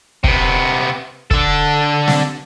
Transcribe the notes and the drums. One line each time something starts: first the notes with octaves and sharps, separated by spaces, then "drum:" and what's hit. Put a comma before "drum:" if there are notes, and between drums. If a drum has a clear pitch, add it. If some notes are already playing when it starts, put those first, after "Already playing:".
C3 B3, drum: kick
D3 A4, drum: kick
drum: snare